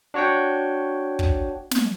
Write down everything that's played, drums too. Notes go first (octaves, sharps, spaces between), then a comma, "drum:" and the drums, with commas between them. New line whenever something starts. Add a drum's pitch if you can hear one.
D4 F#4 C#5 F#5 G5
drum: kick
drum: snare